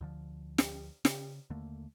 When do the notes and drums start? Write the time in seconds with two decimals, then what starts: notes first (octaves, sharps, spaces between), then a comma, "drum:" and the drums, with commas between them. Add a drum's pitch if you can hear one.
0.01 D2 D3 F3
0.58 drum: snare
1.05 C#3, drum: snare
1.50 D#2 D3 A3 A#3